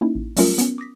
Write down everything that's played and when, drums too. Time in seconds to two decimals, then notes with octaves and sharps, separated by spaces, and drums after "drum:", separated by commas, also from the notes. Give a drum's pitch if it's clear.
0.01 A#3 C#4 D#4 E4
0.15 A1
0.36 F#3 G3 A3 C#4 F4 A#4, drum: open hi-hat
0.58 B3 C#4, drum: hi-hat
0.78 D6 D#6 A#6 B6